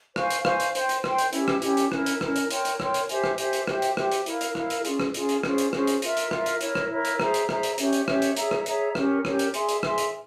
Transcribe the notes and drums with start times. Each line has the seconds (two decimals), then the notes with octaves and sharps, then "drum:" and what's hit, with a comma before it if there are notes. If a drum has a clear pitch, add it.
0.16 C5 F5 G#5 C#6, drum: rim click
0.30 drum: hi-hat
0.45 C5 F5 G#5 C#6, drum: rim click
0.60 drum: hi-hat
0.75 C5 G5 C6, drum: hi-hat
0.89 drum: hi-hat
1.04 C5 G5 C6, drum: rim click
1.18 drum: hi-hat
1.33 C#4 E4 G4, drum: hi-hat
1.48 drum: rim click
1.62 C#4 E4 G4, drum: hi-hat
1.77 drum: hi-hat
1.92 C#4 E4 A#4, drum: rim click
2.06 drum: hi-hat
2.21 C#4 E4 A#4, drum: rim click
2.36 drum: hi-hat
2.51 A#4 C#5 G5 C6, drum: hi-hat
2.65 drum: hi-hat
2.80 A#4 C#5 G5 C6, drum: rim click
2.94 drum: hi-hat
3.09 G4 C5 E5 G#5, drum: hi-hat
3.24 drum: rim click
3.38 G4 C5 E5 G#5, drum: hi-hat
3.53 drum: hi-hat
3.67 G4 C5 E5 G5, drum: rim click
3.82 drum: hi-hat
3.97 G4 C5 E5 G5, drum: rim click
4.12 drum: hi-hat
4.26 E4 A#4 F5, drum: hi-hat
4.41 drum: hi-hat
4.55 E4 A#4 F5, drum: rim click
4.70 drum: hi-hat
4.85 C#4 F4 G#4, drum: hi-hat
5.00 drum: rim click
5.14 C#4 F4 G#4, drum: hi-hat
5.29 drum: hi-hat
5.43 C#4 F4 G#4 C5, drum: rim click
5.58 drum: hi-hat
5.73 C#4 F4 G#4 C5, drum: rim click
5.87 drum: hi-hat
6.02 F4 A#4 E5, drum: hi-hat
6.17 drum: hi-hat
6.31 F4 A#4 E5, drum: rim click
6.46 drum: hi-hat
6.61 E4 A#4 C#5, drum: hi-hat
6.75 drum: rim click
6.90 E4 A#4 C#5
7.05 drum: hi-hat
7.20 G#4 C5 E5 A#5, drum: rim click
7.34 drum: hi-hat
7.49 G#4 C5 E5 A#5, drum: rim click
7.63 drum: hi-hat
7.78 C#4 G4 C#5 E5, drum: hi-hat
7.93 drum: hi-hat
8.08 C#4 G4 C#5 E5, drum: rim click
8.22 drum: hi-hat
8.37 G#4 C#5 E5 A#5, drum: hi-hat
8.51 drum: rim click
8.66 G#4 C#5 E5 A#5, drum: hi-hat
8.95 C#4 G4 A#4 C#5, drum: rim click
9.25 C#4 G4 A#4 C#5, drum: rim click
9.39 drum: hi-hat
9.54 G#4 E5 G#5 C6, drum: hi-hat
9.69 drum: hi-hat
9.83 G#4 E5 G#5 C6, drum: rim click
9.98 drum: hi-hat